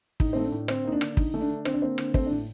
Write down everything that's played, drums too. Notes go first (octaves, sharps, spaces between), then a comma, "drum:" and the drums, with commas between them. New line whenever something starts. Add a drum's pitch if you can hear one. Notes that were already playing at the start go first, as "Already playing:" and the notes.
A2 D#4, drum: kick
A3 C4
D4
A2
D3 C4, drum: rim click
A#3 D#4
D4
D3, drum: rim click
D3 D#4, drum: kick
A3
D4
D3
D3 C4, drum: rim click
D4
A#3 C4
D3, drum: rim click
A3 C4, drum: kick
D4
A2